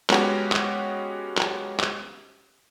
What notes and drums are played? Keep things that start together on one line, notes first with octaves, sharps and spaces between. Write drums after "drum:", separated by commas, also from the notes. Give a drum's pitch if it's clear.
G#3 B3 C#4 F#4 G4, drum: clap
drum: clap
drum: clap
drum: clap